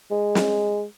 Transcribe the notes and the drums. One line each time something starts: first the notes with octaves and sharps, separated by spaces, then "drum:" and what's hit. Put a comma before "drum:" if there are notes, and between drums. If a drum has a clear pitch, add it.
G#3
drum: snare